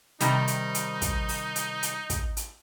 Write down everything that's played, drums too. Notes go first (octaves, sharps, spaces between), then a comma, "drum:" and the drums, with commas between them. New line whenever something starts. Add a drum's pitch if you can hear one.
C3 D#3 G3 D#4, drum: hi-hat
drum: hi-hat
drum: hi-hat
drum: kick, hi-hat
drum: open hi-hat
drum: hi-hat
drum: hi-hat
drum: kick, hi-hat
drum: hi-hat